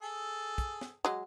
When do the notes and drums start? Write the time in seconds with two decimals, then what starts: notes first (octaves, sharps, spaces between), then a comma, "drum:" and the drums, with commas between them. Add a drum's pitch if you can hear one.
0.02 G#4 A4
0.58 drum: kick, hi-hat
0.81 drum: snare
1.05 F#3 G#3, drum: hi-hat